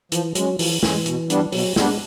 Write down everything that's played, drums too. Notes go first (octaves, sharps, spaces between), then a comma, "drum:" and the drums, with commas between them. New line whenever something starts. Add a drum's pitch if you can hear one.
E3 F3, drum: hi-hat
F#3 G#3 C#4, drum: hi-hat
E3 F3, drum: open hi-hat
E3 G#3 C#4, drum: snare
B2, drum: hi-hat
G3 B3 D4, drum: hi-hat
B2 F#3, drum: open hi-hat
G3 G#3 B3 D4, drum: snare